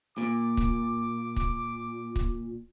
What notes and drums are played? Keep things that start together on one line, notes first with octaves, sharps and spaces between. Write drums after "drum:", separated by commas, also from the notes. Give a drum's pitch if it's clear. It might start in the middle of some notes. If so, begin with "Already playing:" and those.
A#2 D6
drum: kick C#1
drum: kick C#1
drum: kick C#1